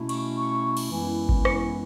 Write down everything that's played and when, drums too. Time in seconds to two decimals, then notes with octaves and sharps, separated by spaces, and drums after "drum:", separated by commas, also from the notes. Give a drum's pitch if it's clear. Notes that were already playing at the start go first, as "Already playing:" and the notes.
Already playing: B2 A3 C#4 E4
0.09 C#6, drum: cymbal
0.37 C#6
0.77 drum: cymbal
0.91 F#2 E3 G#3 B3 E4
1.29 drum: kick G#1
1.45 C#6, drum: rim click